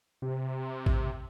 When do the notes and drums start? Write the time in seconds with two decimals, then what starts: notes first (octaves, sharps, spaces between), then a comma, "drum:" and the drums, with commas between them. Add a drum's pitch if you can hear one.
0.22 C3
0.86 drum: kick A1